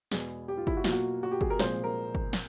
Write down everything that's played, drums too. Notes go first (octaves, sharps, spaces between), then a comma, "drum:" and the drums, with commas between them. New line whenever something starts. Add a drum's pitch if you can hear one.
E2 B2 G#3 B3 G#4, drum: snare
G4
F4
E4, drum: kick
F#4
B2 F#3 A#3 F4, drum: snare
F#4
F#4
G4
G#4, drum: kick
A#4
C2 A#2 F3 G#3 C5, drum: snare
A#4
drum: kick
drum: snare